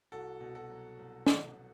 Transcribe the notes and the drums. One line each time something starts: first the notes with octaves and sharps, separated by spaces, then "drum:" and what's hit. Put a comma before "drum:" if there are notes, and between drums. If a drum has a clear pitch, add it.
C2 F#4 A4
B2
F#4 A4
F#3
C2
F#3, drum: snare